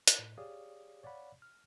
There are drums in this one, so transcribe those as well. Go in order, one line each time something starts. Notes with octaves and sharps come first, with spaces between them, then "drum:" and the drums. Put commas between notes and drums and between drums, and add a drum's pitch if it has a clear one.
drum: hi-hat
A2
G4 G#4 C#5 D5 F5 D#6
C#5 D5 F5 F#5 B5
F6